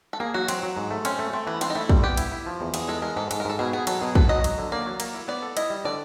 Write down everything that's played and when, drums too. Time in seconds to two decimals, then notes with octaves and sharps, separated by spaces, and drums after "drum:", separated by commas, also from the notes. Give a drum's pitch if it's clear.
0.13 A4
0.20 A#3 G#4
0.34 F#3 F#4
0.48 F#3 C4, drum: cymbal
0.63 F#3
0.77 G#2
0.91 A3
1.05 C4 C#4, drum: cymbal
1.19 A3
1.33 A3 C4
1.47 E3 B3
1.61 C4 D4, drum: cymbal
1.70 D#4
1.75 A3 E4
1.89 G3, drum: kick
2.03 B3 G4
2.17 E4, drum: cymbal
2.32 E4
2.46 F3
2.61 E2
2.74 E2 G#4, drum: cymbal
2.88 G#3 A4
3.02 G#3 A#4
3.16 G#2 A4
3.31 G#2 A4, drum: cymbal
3.40 A#4
3.45 G#2 A4
3.59 B2 G#4
3.73 B3 G#4
3.87 F#3 A4, drum: cymbal
4.01 B2 G#4
4.15 B3 A4, drum: kick
4.29 F#3 D#5
4.44 F#3, drum: cymbal
4.58 D3
4.72 A#3 D5
4.86 F#3
5.00 A#3, drum: cymbal
5.14 E4
5.28 B3 D5
5.42 A4
5.57 E4 D#5, drum: cymbal
5.70 G3
5.85 D3 D5